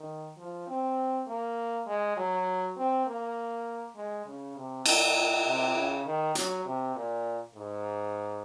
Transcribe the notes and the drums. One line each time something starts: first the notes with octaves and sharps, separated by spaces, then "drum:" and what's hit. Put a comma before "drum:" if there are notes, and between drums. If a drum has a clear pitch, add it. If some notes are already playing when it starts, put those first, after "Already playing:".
Already playing: D#3
F3
C4
A#3
G#3
F#3
C4
A#3
G#3
C#3
C3
A#2, drum: cymbal
C3
C#3
D#3
F#3, drum: hi-hat
C3
A#2
G#2